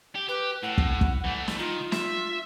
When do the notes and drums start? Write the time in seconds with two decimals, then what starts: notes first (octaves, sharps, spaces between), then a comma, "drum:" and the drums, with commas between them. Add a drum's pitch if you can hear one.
0.15 G4
0.29 G4 B4
0.63 A2 F#5
0.78 drum: kick
1.01 drum: kick
1.24 E3 A3
1.48 drum: snare
1.59 D#3 F4
1.92 E5, drum: snare